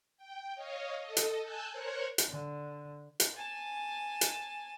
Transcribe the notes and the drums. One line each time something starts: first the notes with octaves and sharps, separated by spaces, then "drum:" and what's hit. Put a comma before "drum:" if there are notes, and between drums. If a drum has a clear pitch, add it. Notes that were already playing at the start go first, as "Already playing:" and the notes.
G5
C#5 D#5 F5
A4 D#5
drum: hi-hat
G#5 A5 E6 F#6 G6
A#4 C5 C#5 C#6 F#6 G#6
drum: hi-hat
D3
drum: hi-hat
G#5 A5
drum: hi-hat